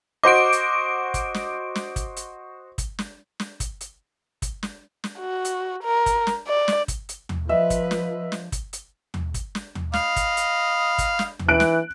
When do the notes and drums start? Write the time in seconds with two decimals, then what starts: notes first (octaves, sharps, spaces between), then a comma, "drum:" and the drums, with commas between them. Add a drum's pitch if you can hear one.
0.24 F#4 C5 D#5 D6 D7
0.52 drum: hi-hat
1.14 drum: kick, hi-hat
1.34 drum: snare
1.75 drum: snare
1.96 drum: kick, hi-hat
2.16 drum: hi-hat
2.78 drum: kick, hi-hat
2.99 drum: snare
3.40 drum: snare
3.60 drum: kick, hi-hat
3.81 drum: hi-hat
4.42 drum: kick, hi-hat
4.63 drum: snare
5.04 drum: snare
5.19 F#4
5.45 drum: hi-hat
5.83 A#4
6.06 drum: kick, hi-hat
6.27 drum: snare
6.47 D5
6.68 drum: snare
6.88 drum: kick, hi-hat
7.09 drum: hi-hat
7.29 drum: tom D#2
7.49 F3 B4 D#5 E5
7.70 drum: kick, hi-hat
7.91 drum: snare
8.32 drum: snare
8.52 drum: kick, hi-hat
8.73 drum: hi-hat
9.14 drum: tom D#2
9.34 drum: kick, hi-hat
9.55 drum: snare
9.75 drum: tom D#2
9.93 D#5 F5 B5, drum: snare
10.16 drum: kick, hi-hat
10.37 drum: hi-hat
10.98 drum: kick, hi-hat
11.19 drum: snare
11.39 drum: tom D#2
11.48 E3 F#6 D7
11.60 drum: snare